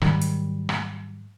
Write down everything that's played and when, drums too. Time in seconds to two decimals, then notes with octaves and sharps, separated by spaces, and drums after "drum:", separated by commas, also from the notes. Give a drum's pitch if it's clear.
0.01 G#2 D#3 F#3 G3, drum: rim click
0.21 drum: hi-hat
0.69 drum: rim click